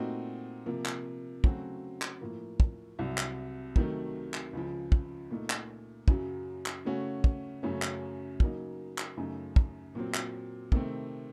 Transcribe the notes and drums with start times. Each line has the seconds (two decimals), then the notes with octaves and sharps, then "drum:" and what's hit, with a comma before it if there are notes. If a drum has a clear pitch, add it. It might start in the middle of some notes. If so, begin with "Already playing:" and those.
Already playing: A#2 A3 C4 D#4 F#4
0.66 C3 F3 A#3
0.85 drum: clap
1.44 C#3 F#3 A3 C4 F#4, drum: kick
2.02 drum: clap
2.21 A2 F3 A#3
2.60 drum: kick
2.99 C2 C3 F#3
3.18 drum: clap
3.76 C3 D#3 F#3 A3, drum: kick
4.34 drum: clap
4.53 C#2 C#3 F3
4.92 drum: kick
5.31 A#2 A3 D#4
5.50 drum: clap
6.08 F#2 C#3 F#3, drum: kick
6.66 drum: clap
6.85 C#3 A3 C#4 F#4
7.24 drum: kick
7.63 F#2 C#3 F#3 A3 C#4
7.82 drum: clap
8.40 C#3 F#3 A#3 D#4, drum: kick
8.98 drum: clap
9.17 F#2 C#3 A3 D#4
9.56 drum: kick
9.95 A#2 F#3 C4
10.14 drum: clap
10.72 C3 D#3 A3 C4, drum: kick